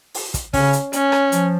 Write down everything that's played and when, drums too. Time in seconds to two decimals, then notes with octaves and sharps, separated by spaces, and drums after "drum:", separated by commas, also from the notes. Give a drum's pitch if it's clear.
0.14 drum: open hi-hat
0.34 drum: kick, hi-hat
0.53 C#3 C#4, drum: kick, open hi-hat
0.73 drum: hi-hat
0.93 C#4, drum: hi-hat
1.12 drum: rim click
1.32 F3, drum: hi-hat